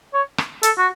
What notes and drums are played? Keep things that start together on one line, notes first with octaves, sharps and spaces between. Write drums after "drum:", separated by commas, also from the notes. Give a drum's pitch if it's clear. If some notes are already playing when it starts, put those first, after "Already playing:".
C#5
drum: rim click
A4, drum: hi-hat
F#4